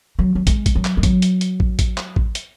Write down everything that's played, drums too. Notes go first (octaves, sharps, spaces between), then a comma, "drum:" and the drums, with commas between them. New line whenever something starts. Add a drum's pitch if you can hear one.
F#3
F#3
G#3, drum: kick, hi-hat
drum: kick, hi-hat
F#3
drum: clap
G#3
F#3, drum: kick, hi-hat
drum: hi-hat
drum: hi-hat
drum: kick
drum: kick, hi-hat
drum: clap
drum: kick
drum: hi-hat